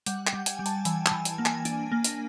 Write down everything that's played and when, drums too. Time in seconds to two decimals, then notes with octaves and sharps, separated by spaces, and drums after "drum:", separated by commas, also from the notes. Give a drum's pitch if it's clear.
0.06 G3 F#5, drum: hi-hat
0.27 G5, drum: clap
0.33 G3
0.46 G#5, drum: hi-hat
0.59 G3
0.66 A5, drum: hi-hat
0.85 E3 G#5, drum: hi-hat
1.06 A5, drum: clap
1.12 E3
1.25 G#5, drum: hi-hat
1.38 A#3
1.45 G#5, drum: clap
1.65 D4, drum: hi-hat
1.92 A#3
2.04 drum: hi-hat